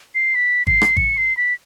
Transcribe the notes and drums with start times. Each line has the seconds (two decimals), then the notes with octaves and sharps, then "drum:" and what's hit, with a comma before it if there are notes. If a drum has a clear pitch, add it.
0.15 C7
0.35 B6
0.67 C7, drum: kick G#1
0.82 drum: rim click
0.97 C#7, drum: kick G#1
1.17 C7
1.37 B6